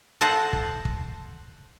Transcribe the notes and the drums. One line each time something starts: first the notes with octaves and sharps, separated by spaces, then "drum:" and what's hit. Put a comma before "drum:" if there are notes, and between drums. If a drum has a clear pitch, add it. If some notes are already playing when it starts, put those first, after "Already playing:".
A4 C5 D#5 F#5 A5
drum: kick
drum: kick